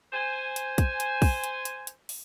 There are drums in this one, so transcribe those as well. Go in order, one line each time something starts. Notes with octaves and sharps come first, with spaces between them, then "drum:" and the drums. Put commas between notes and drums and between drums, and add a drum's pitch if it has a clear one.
C5 G#5
drum: hi-hat
drum: kick, hi-hat
drum: hi-hat
drum: kick, open hi-hat
drum: hi-hat
drum: hi-hat
drum: hi-hat
drum: open hi-hat